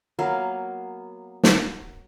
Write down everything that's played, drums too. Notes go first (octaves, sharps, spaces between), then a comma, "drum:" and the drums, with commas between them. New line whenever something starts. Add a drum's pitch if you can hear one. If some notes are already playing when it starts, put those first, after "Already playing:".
F#3 A#3 B3 F5
drum: snare